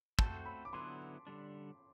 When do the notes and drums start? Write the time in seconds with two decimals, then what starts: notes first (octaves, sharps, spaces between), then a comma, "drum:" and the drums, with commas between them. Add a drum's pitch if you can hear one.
0.19 A3 C4 F#4 A4 C5 A5, drum: kick
0.46 B5
0.65 D6
0.73 D3 F#3 B3 E4 B4 C6
1.27 D3 G3 D4